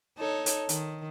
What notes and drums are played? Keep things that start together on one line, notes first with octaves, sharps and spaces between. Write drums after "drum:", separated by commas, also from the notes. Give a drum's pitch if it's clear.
D#4 A4 C#5
drum: hi-hat
D#3, drum: hi-hat